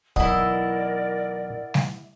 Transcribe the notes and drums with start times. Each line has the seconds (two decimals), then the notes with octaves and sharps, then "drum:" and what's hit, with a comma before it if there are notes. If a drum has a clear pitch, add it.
0.16 B1 E3 E4 A#4 D5 D#5 F#5, drum: kick
1.74 drum: snare